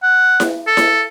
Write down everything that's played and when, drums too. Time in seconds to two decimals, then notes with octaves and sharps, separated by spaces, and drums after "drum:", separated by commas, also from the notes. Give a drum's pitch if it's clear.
0.03 F#5
0.40 drum: snare E4
0.67 A4
0.77 drum: snare E4